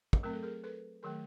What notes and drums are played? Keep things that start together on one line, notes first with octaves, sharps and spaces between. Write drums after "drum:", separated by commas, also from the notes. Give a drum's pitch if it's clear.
drum: kick
F#3 A3 C4 A#4
A4
G#4 A#4
A4 B4
D#3 F#3 A3 G#4 A#4